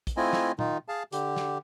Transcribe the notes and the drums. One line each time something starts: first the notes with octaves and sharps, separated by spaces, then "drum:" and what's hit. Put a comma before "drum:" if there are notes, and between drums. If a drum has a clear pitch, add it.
drum: kick, hi-hat
A3 C4 E4 F4 D#5 G#5
drum: snare
D#3 D#4 F4, drum: tom A#2
G#4 F5 A5
D3 G4, drum: hi-hat
drum: snare